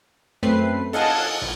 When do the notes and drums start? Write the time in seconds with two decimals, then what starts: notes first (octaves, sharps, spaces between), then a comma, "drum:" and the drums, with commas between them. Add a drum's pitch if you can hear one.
0.43 F#2 A3 C4 B4 C7
0.93 A4 D#5 F5 F#5 G#5 A5, drum: cymbal
1.42 A#1 A#2